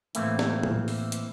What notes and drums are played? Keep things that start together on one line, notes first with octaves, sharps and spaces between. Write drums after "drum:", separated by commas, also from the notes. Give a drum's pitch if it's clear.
A2 E3 A3 A#3 C4 E4, drum: hi-hat
drum: snare
drum: tom
drum: open hi-hat
drum: hi-hat